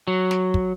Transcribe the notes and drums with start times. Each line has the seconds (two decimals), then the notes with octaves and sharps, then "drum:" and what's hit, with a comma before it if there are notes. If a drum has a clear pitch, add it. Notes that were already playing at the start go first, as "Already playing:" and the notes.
0.08 F#3
0.31 drum: snare
0.54 drum: kick